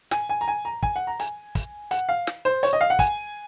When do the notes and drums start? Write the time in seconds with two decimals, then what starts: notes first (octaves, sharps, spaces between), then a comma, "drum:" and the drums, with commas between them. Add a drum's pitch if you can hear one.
0.11 G#5, drum: snare
0.29 G#5
0.41 A#5
0.48 G#5
0.65 A#5
0.83 G#5, drum: kick
0.96 F#5
1.07 A#5
1.20 G#5, drum: hi-hat
1.55 drum: kick, hi-hat
1.91 F#5, drum: hi-hat
2.09 F5
2.27 drum: snare
2.45 C5
2.63 C#5, drum: hi-hat
2.73 D#5
2.81 F5
2.90 F#5
2.99 G#5, drum: kick, hi-hat